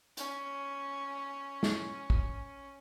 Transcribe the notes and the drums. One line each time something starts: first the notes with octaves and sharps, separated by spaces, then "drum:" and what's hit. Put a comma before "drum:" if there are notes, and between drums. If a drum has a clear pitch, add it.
C#4, drum: hi-hat
drum: snare
drum: kick